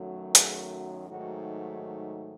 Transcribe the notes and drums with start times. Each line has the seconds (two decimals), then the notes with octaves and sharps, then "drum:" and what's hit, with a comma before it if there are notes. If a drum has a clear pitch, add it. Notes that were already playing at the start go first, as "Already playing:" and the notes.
Already playing: F#2 D#3 F#3 A3
0.35 G#4, drum: hi-hat
1.08 G#2 D#3 F#3 A3 F#4